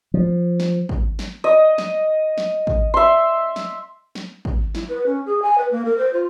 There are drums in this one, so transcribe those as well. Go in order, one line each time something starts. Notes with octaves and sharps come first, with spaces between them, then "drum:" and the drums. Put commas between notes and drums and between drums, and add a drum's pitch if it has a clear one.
F3
drum: snare
drum: kick
drum: snare
D#5
drum: snare
drum: snare
drum: kick
E5 C6
drum: snare
drum: snare
drum: kick
E4, drum: snare
B4
C#4
G#4
G#5
B4
A#3
A#4
C5
F4